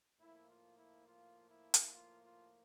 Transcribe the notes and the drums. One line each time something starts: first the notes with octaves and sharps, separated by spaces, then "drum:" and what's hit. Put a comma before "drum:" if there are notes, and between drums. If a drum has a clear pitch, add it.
A2 F3 A#3 E4
F4
E4
F4
E4
drum: hi-hat
F4
F4